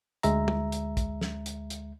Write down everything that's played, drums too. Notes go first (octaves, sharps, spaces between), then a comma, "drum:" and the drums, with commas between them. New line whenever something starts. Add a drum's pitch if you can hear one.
D2 G#3 E5 A#5, drum: hi-hat
drum: tom
drum: hi-hat
drum: kick, hi-hat
drum: snare
drum: hi-hat
drum: hi-hat